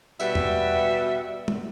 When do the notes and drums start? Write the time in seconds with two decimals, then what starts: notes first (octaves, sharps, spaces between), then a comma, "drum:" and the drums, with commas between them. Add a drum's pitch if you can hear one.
0.20 B2 G3 B3 F#4 E5, drum: tambourine
0.35 drum: tom E2
1.48 drum: tom